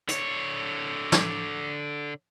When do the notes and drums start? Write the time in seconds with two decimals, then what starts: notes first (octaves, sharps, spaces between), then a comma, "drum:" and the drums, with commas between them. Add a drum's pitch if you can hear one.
0.08 D3 C#5, drum: hi-hat
1.12 drum: snare